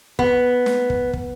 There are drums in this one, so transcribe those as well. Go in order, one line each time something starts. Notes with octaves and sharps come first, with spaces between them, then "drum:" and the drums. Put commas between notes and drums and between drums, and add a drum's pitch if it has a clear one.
B3, drum: kick
drum: snare
drum: kick
drum: kick